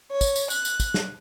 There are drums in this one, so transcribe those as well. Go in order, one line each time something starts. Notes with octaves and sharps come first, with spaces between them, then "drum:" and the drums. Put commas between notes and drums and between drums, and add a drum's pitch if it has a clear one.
C#5
drum: kick, tambourine
drum: tambourine
F#6, drum: tambourine
drum: tambourine
drum: kick, tambourine
drum: snare